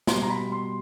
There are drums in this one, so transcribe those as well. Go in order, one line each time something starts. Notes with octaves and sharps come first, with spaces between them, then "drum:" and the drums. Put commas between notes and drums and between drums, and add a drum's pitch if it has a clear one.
B2 G3 C6, drum: snare
A#5
B5
C6